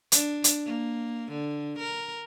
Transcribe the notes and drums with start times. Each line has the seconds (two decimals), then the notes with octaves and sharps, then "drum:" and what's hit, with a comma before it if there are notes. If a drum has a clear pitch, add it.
0.12 D4, drum: hi-hat
0.44 drum: hi-hat
0.65 A#3
1.32 D3
1.79 A#4